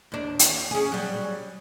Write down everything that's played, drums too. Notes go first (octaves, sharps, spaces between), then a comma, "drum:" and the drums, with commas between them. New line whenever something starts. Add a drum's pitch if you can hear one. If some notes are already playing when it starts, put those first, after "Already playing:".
D#2 D4
drum: hi-hat
C#4 G#4
F#3 G3